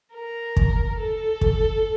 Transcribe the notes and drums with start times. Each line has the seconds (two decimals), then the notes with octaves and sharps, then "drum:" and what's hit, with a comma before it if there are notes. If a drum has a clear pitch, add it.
0.14 A#4
0.57 drum: kick
0.99 A4
1.41 drum: kick